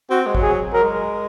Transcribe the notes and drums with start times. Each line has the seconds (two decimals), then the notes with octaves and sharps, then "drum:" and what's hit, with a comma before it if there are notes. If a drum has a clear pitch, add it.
0.10 C4 F#4
0.26 G#3
0.35 F#3, drum: kick
0.42 G#4
0.73 F#3 A#4
0.82 G#3